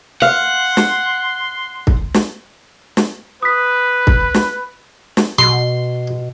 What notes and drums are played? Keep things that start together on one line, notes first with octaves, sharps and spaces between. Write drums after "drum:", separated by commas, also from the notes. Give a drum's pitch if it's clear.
F5 F#5 C6
drum: snare
drum: kick C2
drum: snare
drum: snare
B4 D#6 B6
drum: kick C2
drum: snare
drum: snare
B2 C6